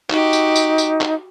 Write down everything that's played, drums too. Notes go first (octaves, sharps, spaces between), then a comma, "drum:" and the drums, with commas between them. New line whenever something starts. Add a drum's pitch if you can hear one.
D#4 F#4 G4, drum: clap
drum: tambourine
drum: tambourine
drum: tambourine
drum: clap